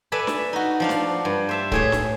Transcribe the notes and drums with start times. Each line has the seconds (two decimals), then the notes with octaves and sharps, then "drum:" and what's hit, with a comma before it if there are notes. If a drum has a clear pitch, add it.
0.12 A4 B4 D5 E5 G#5
0.27 drum: snare
0.53 D#4 F#4
0.80 F3 D4 F5
0.89 drum: snare
1.25 G2
1.49 C5 E5 A5
1.72 A2 G#4 C#5, drum: kick C#1
1.92 drum: snare